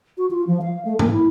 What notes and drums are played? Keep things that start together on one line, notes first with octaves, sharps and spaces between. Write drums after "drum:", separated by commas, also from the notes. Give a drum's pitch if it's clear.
F#4
F4
F3
F5
A3
A#3, drum: tom G#2
E4